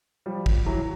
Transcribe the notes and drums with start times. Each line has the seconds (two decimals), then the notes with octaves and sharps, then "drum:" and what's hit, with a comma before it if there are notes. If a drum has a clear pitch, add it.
0.26 F3 G3
0.46 drum: kick
0.66 E3 F#3